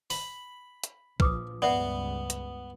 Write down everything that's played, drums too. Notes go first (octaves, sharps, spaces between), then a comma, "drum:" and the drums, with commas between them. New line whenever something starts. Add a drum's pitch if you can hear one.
B5, drum: open hi-hat
drum: hi-hat
A#1 F3 B4 D6 D#6, drum: kick
C#2 G2 B3 D5 E5 F#5
drum: hi-hat